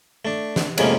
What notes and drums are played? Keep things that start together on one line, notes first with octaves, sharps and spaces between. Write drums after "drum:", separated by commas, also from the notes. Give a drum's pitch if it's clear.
A3 D4
drum: snare
F2 A2 C3 G#3 A#3 C#4, drum: cymbal